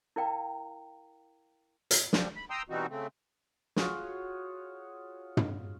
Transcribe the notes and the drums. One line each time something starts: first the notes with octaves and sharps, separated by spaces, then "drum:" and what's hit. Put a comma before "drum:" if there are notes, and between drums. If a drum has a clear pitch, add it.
E4 A#4 D5 F5 G5 A#5
drum: hi-hat
F3 G3, drum: snare
B5
G5 A#5 C6 D#6 E6
B2 E3 G3 C4 D#4 F#4
C#3 A3 C4
F4 F#4 G#4 C#5, drum: snare
drum: tom